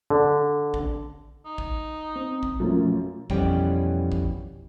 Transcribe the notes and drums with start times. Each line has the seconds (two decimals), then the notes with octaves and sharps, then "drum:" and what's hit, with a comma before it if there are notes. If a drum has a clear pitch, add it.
0.10 D3
0.74 drum: kick A#1
1.46 D#4
1.58 drum: kick A#1
2.16 C4
2.43 drum: kick A#1
2.60 F#2 B2 F3 A3 A#3 C#4
3.30 F2 B2 E3 G3 C#4 G5, drum: kick A#1
4.12 drum: kick A#1